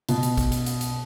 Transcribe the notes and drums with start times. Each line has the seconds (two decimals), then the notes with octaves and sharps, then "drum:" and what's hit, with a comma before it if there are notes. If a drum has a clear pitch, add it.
0.09 B2, drum: hi-hat
0.23 drum: hi-hat
0.37 drum: kick, hi-hat
0.52 drum: hi-hat
0.66 drum: hi-hat
0.81 drum: hi-hat